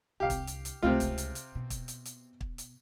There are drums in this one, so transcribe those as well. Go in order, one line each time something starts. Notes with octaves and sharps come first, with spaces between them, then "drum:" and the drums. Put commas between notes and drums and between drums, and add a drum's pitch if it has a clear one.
C2 D3 G4 F5
drum: kick, hi-hat
drum: hi-hat
drum: hi-hat
C#2 C3 A3 C4 F4
drum: kick, hi-hat
drum: hi-hat
drum: hi-hat
B2
drum: kick, hi-hat
drum: hi-hat
drum: hi-hat
drum: kick
drum: hi-hat